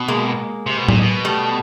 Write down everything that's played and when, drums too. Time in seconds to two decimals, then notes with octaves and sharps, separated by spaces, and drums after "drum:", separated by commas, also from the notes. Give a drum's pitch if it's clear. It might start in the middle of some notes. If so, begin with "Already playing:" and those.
Already playing: B2
0.08 G#3 A#3
0.66 C3
0.77 B2
0.88 A#2, drum: tom A2
1.00 B2
1.25 G3 A3